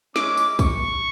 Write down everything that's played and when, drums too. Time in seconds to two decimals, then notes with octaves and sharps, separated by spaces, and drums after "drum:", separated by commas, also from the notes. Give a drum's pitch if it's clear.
0.16 G#3 C#4 E4 D6, drum: snare
0.37 drum: tambourine
0.59 C#6, drum: kick, tambourine